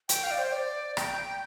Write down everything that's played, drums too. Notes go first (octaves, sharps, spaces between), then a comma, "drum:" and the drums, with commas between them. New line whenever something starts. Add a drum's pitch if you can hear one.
G5, drum: hi-hat
F5
D5
C5
D5
G5, drum: rim click